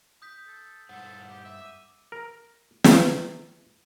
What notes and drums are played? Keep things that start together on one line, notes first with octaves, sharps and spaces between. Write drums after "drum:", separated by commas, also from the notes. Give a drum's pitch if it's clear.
D#6 G6 B6
A4
G2 A4 C5 F#5
G4
E5
D6 D#7
A#4
B3, drum: snare